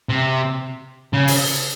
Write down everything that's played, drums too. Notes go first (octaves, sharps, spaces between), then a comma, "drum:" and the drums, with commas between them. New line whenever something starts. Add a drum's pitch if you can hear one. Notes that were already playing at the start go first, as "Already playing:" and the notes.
C3
C#3
drum: open hi-hat